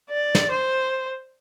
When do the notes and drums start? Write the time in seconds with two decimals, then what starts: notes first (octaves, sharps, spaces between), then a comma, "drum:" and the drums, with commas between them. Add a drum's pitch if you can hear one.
0.11 D5
0.35 drum: snare
0.51 C5